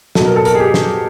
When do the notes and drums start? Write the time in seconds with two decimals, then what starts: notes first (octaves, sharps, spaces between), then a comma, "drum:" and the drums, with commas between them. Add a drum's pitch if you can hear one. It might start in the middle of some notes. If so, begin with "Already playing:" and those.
0.15 B2 F#3 A4, drum: snare
0.26 A#4
0.36 A4
0.45 A#4, drum: hi-hat
0.55 G#4
0.60 G4
0.74 drum: snare